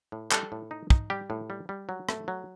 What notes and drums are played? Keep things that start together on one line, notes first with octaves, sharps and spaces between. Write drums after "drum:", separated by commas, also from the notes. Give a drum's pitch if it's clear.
A2
G3 A4, drum: clap
A2
D#4
D#4, drum: kick
G3 G4
A2
G3
G3
F#3
A3, drum: rim click
F#3